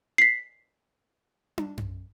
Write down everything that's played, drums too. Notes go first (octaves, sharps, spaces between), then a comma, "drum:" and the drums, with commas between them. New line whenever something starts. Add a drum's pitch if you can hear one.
B6 C7
drum: tom
drum: tom F#2